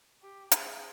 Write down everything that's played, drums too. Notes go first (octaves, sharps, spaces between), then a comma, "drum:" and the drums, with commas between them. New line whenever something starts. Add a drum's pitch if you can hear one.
G4
G#4, drum: hi-hat